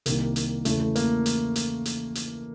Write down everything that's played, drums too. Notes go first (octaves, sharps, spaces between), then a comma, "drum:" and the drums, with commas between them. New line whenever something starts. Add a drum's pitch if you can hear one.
C2 C3 D#3 A#3, drum: hi-hat
drum: hi-hat
E2 C#3 E3 A3, drum: hi-hat
A3
A#3, drum: hi-hat
drum: hi-hat
drum: hi-hat
drum: hi-hat
drum: hi-hat